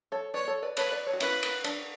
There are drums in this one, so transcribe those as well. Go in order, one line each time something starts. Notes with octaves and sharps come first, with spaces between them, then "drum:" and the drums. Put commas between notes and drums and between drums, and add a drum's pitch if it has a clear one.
A4 C#5
B4 C#5 D5
A4 C#5
B4 D5
A4 B4 C#5, drum: cymbal
B4 D5
A4 C#5
F#4
C#4 E4 B4, drum: cymbal
drum: cymbal
D4, drum: cymbal